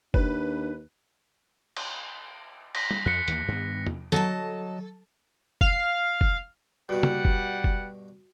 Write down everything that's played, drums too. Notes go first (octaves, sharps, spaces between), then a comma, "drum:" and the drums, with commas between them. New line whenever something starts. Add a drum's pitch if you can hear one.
D#2 D4 B4, drum: kick
drum: cymbal
A#6 B6, drum: cymbal
drum: tom G3
F2 F#6 B6 C#7
D#2 E3 A#3, drum: hi-hat
G2 D#3 B3
drum: tom E2
F#3 A4 D#5 A5, drum: tambourine
F5, drum: kick
drum: kick
G2 B2 G3 F#4 F#5
drum: tom C#3
drum: kick
drum: kick